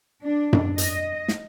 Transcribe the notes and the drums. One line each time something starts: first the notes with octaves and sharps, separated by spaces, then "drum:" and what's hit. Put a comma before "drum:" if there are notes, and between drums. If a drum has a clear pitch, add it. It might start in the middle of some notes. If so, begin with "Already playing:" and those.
D4
drum: tom F#2
D#5, drum: hi-hat
drum: snare